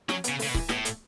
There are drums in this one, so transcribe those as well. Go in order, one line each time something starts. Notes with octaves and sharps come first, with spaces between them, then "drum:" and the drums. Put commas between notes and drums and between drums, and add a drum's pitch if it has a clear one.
F#3 C#4, drum: snare
B3, drum: hi-hat
C#3
A3, drum: open hi-hat
C#3
B2
E3, drum: kick C#1
A2 B3, drum: snare
A3, drum: hi-hat